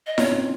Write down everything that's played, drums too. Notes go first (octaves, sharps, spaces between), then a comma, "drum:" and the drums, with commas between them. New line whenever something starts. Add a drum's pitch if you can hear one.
D#5
C#4 F4 C#5, drum: snare E4
C4 D#4